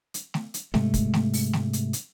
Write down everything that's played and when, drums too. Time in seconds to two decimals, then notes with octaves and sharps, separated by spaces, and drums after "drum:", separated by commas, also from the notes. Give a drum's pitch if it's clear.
0.14 drum: hi-hat
0.34 drum: snare A3
0.54 drum: hi-hat
0.74 G#2 C3 G#3 A3, drum: snare A3
0.94 drum: kick, hi-hat
1.14 drum: snare A3
1.33 drum: open hi-hat
1.53 drum: snare A3
1.73 drum: hi-hat
1.93 drum: hi-hat